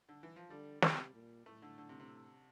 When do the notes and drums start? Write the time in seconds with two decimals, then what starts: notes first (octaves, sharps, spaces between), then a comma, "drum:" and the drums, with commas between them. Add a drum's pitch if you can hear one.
0.09 D3
0.23 E3
0.36 F3
0.50 D3 G3
0.82 C3, drum: snare
1.14 A#2
1.46 A2 A3
1.62 D3
1.78 D3
1.89 C3
2.00 C3